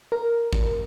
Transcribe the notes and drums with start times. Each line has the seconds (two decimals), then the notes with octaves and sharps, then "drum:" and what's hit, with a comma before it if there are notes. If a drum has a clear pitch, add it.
0.12 A#4
0.53 drum: kick G#1